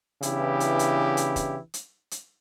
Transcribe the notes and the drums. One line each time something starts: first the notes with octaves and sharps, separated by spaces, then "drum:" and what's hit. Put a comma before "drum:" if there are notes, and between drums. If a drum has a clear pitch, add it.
C#3 E3 B3 D4 E4 G4, drum: hi-hat
drum: hi-hat
drum: hi-hat
drum: hi-hat
drum: kick F1, hi-hat
drum: hi-hat
drum: hi-hat